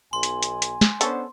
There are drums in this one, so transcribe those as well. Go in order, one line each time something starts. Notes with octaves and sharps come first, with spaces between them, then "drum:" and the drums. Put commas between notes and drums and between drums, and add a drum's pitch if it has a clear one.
B1 G#5 C6
drum: hi-hat
drum: hi-hat
drum: hi-hat
drum: snare
B3 C#4 D4 A4 C5, drum: hi-hat